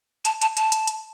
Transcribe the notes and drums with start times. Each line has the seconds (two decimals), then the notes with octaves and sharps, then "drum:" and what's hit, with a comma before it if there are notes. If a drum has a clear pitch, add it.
0.25 A5, drum: hi-hat
0.42 A5, drum: hi-hat
0.57 A5, drum: hi-hat
0.72 drum: hi-hat
0.87 drum: hi-hat